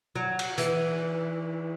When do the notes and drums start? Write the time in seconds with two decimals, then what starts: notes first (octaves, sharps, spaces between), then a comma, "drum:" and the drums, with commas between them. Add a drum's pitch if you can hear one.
0.16 F#3
0.39 drum: cymbal
0.58 E3, drum: hi-hat